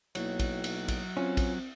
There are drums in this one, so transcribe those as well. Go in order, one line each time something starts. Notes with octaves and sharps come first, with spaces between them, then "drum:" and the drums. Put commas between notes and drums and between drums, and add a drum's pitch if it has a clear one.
B1 F#3 A#3 E4 C#5, drum: cymbal
drum: kick A#1, cymbal
drum: cymbal
drum: kick A#1, cymbal
C4 C#4 F4
drum: kick A#1, cymbal